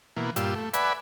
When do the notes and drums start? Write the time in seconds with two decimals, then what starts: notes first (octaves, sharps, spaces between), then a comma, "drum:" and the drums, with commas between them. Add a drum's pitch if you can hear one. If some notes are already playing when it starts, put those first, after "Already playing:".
0.16 B2 E3 A#3
0.36 G2 A#2 F4 G4 E6, drum: hi-hat
0.55 A3
0.74 B4 D5 E5 F#5 G#5 B5, drum: hi-hat